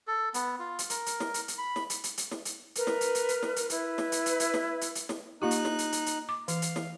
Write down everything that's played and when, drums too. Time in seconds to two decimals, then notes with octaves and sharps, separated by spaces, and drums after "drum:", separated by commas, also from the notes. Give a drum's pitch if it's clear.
0.07 A4
0.34 B3, drum: hi-hat
0.59 F4
0.79 drum: hi-hat
0.90 A#4, drum: hi-hat
1.06 drum: hi-hat
1.20 drum: snare
1.34 drum: hi-hat
1.48 drum: hi-hat
1.58 B5
1.76 drum: snare
1.90 drum: hi-hat
2.04 drum: hi-hat
2.18 drum: hi-hat
2.31 drum: snare
2.45 drum: hi-hat
2.75 A#4 B4, drum: hi-hat
2.87 drum: snare
3.01 drum: hi-hat
3.15 drum: hi-hat
3.29 drum: hi-hat
3.42 drum: snare
3.56 drum: hi-hat
3.70 E4 B4, drum: hi-hat
3.98 drum: snare
4.12 drum: hi-hat
4.26 drum: hi-hat
4.40 drum: hi-hat
4.54 drum: snare
4.81 drum: hi-hat
4.95 drum: hi-hat
5.09 drum: snare
5.42 A#3 D#4 F4 G4 F#6
5.51 drum: hi-hat
5.65 drum: snare
5.79 drum: hi-hat
5.92 drum: hi-hat
6.06 drum: hi-hat
6.29 D6
6.48 E3 F5, drum: hi-hat
6.62 drum: hi-hat
6.76 drum: snare